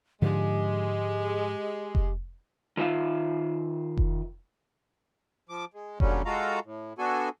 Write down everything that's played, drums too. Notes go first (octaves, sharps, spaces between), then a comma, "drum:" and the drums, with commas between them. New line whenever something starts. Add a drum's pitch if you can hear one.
G#2 D3 F3 G#3 G4
drum: kick F1
D#3 F4 E5 F5
drum: kick F1
F3 D6
G#3
A#2 D3 F#3 G3 C#4, drum: kick F1
G#3 F4 F#4 A4 F5 A#5
A2
B3 D4 F#4 A4 G#5